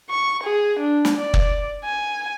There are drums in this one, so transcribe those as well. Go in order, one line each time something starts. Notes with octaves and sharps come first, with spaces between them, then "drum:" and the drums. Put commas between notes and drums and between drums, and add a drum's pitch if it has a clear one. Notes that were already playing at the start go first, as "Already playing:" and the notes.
C#6
G#4
D4
drum: snare
D5
drum: kick
G#5